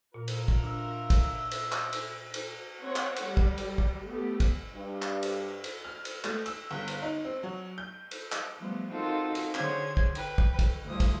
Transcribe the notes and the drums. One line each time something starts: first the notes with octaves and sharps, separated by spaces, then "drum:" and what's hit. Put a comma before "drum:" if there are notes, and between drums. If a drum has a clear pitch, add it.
A#2 F4 A#4
drum: cymbal
drum: kick
D4 E5
drum: kick, cymbal
drum: cymbal
drum: clap
drum: cymbal
drum: cymbal
C4 C#5 F#5
drum: clap
drum: cymbal
G3
drum: kick
drum: cymbal
drum: kick
A3 B3 G4
drum: kick, cymbal
G2
drum: clap
drum: cymbal
drum: cymbal
F6
drum: cymbal
A3, drum: clap
E6, drum: cymbal
G1
drum: cymbal
D#4
C4
F#3
G6
drum: cymbal
drum: clap
F3 G3 A3 B3
C4 D#4 F4 F#4 A4 A#4
drum: cymbal
D3 G#4 C5 C#5 G#6, drum: clap
drum: kick
B4 G5, drum: cymbal
drum: kick
drum: kick, cymbal
D2 G2 F3 E4 D#6
drum: kick, cymbal